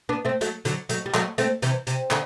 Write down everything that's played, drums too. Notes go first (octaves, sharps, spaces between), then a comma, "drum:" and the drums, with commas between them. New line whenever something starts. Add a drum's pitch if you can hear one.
B3 D4
A3 C4
F#3 A3, drum: hi-hat
D3 F#3, drum: hi-hat
F#3 A3, drum: hi-hat
G3
F#3 A3, drum: clap
A3 C4, drum: hi-hat
C3 E3, drum: hi-hat
C3, drum: hi-hat
D3, drum: clap